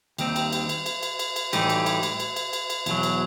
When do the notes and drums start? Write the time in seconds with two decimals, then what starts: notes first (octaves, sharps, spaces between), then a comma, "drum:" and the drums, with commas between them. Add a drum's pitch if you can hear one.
0.18 D#2 D#3 G3 C4 D#4, drum: cymbal
0.36 drum: cymbal
0.52 drum: cymbal
0.69 drum: cymbal
0.86 drum: cymbal
1.03 drum: cymbal
1.19 drum: cymbal
1.36 drum: cymbal
1.53 A2 E3 G3 D#4, drum: cymbal
1.69 drum: cymbal
1.86 drum: cymbal
2.03 drum: cymbal
2.20 drum: cymbal
2.36 drum: cymbal
2.53 drum: cymbal
2.70 drum: cymbal
2.86 E2 B2 F#3, drum: cymbal
3.03 drum: cymbal